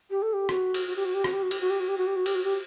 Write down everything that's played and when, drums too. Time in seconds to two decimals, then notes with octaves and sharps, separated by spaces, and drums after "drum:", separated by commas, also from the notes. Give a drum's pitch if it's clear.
0.10 G4
0.22 A4
0.33 G4
0.49 F#4, drum: rim click
0.74 drum: cymbal
0.87 F#4
0.96 G4
1.05 F#4
1.14 G4
1.24 F#4, drum: rim click
1.33 G4
1.43 F#4
1.51 G4, drum: cymbal
1.61 F#4
1.70 G4
1.80 F#4
1.88 G4
1.98 F#4
2.07 G4
2.16 F#4
2.26 G4, drum: cymbal
2.35 F#4
2.44 G4